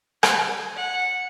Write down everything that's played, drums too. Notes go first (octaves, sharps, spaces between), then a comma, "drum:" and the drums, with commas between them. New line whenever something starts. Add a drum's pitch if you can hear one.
G#5, drum: rim click
F#5